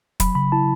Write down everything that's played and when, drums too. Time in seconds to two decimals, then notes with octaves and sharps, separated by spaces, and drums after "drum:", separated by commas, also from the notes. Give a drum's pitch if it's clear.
0.20 F#3 B5, drum: kick, hi-hat
0.35 C#3 B5
0.52 E4 A5